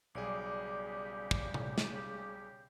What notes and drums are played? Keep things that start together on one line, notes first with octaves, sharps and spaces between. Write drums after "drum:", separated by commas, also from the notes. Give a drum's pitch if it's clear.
B1 C#3 G3 G4 G#4 D5 D6
drum: kick
drum: tom C3
drum: snare